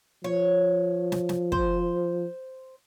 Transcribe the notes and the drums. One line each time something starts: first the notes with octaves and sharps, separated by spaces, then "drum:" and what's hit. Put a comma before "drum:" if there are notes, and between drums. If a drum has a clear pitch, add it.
F3 C#5
drum: snare
drum: snare
C5, drum: kick